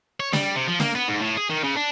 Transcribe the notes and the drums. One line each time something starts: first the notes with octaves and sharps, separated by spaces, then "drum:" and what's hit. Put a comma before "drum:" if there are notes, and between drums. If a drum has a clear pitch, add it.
C#5
G3, drum: snare
C3
F3
A#3, drum: snare
B3
G#2
A2
G#4
D#3
C#3
D4